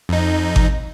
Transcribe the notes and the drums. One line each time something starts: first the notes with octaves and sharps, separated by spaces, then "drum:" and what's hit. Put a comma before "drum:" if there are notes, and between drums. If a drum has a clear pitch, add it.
F2 D#4
drum: kick G#1